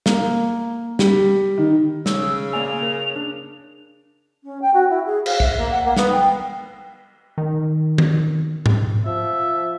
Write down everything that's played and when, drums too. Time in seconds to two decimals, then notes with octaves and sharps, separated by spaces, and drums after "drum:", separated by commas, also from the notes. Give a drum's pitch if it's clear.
0.06 A#3, drum: snare
0.99 G3, drum: snare
1.58 D#3
2.06 C#3 E6, drum: snare
2.53 A#3 D5 G#5 F7
2.83 A#4
3.16 D4
4.44 C#4
4.61 G5
4.74 F#4
4.90 E4
5.06 G#4
5.26 F5, drum: cymbal
5.40 E5, drum: kick
5.57 A#3
5.71 F#5
5.85 A#3
5.97 B3, drum: snare
6.11 G5
7.38 D#3
7.98 drum: tom D#3
8.66 drum: tom G#2
9.06 F3 E5